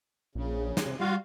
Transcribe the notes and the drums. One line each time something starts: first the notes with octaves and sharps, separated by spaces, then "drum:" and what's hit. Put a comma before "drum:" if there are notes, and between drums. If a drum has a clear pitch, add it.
A#1 C#3
drum: snare
C3
G3 F4 F#4 F5